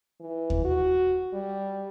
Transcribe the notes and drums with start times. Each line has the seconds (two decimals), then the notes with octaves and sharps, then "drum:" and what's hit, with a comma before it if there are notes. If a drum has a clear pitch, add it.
0.20 E3
0.50 drum: kick D#2
0.65 F#4
1.33 G3